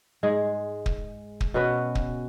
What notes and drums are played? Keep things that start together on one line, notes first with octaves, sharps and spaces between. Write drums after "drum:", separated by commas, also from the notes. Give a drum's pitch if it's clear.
G#2 G#3 G#4
drum: kick
drum: kick
B2 C#4 F#4 B4
drum: kick